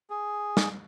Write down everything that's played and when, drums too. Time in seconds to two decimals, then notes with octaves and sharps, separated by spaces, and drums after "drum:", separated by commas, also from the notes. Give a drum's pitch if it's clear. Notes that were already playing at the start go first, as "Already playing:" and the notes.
0.10 G#4
0.57 drum: snare